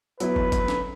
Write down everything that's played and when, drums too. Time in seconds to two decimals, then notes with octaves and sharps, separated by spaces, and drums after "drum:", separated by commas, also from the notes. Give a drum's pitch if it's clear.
0.20 F#3 B3 E4 B4, drum: hi-hat
0.36 drum: kick
0.52 drum: kick, hi-hat
0.68 drum: snare